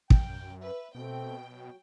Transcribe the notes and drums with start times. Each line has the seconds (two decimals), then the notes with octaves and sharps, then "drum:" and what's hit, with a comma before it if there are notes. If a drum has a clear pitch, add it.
0.10 F#2 G5, drum: kick
0.61 B4 E5
0.95 B2 A3 C4 G5
1.48 F#3